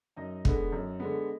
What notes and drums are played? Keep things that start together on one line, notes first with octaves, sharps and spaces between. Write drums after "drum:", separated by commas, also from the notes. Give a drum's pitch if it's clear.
F#2 D#4 D#5
D3 G#3 B3, drum: kick
F#2
D3 G#3 B3